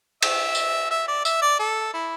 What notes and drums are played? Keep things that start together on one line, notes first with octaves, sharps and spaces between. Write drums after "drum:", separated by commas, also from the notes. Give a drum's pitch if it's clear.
E5, drum: cymbal
drum: tambourine
E5
D5
E5, drum: tambourine
D5
A4
E4